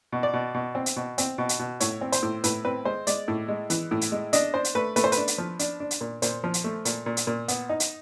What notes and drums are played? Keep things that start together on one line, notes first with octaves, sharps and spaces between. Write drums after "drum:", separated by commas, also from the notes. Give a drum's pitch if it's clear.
B2
D5
B2
B2
C4
drum: hi-hat
B2
C4, drum: hi-hat
B2
drum: hi-hat
B2
A2 C#5, drum: hi-hat
C4
C5, drum: hi-hat
A2
A2 B4, drum: hi-hat
C4 B4
G#3 C5
G#3 D5, drum: hi-hat
A2
G#3
E3, drum: hi-hat
A2
drum: hi-hat
G#3
D4 D#5, drum: hi-hat
D4 C5
drum: hi-hat
A3 B4
A3 B4, drum: hi-hat
C5
B4, drum: hi-hat
D4
drum: hi-hat
F3
D4, drum: hi-hat
D4
drum: hi-hat
A#2
A#2 C5, drum: hi-hat
F3
drum: hi-hat
A3
A#2, drum: hi-hat
A#2
drum: hi-hat
A#2
B3, drum: hi-hat
D#4
drum: hi-hat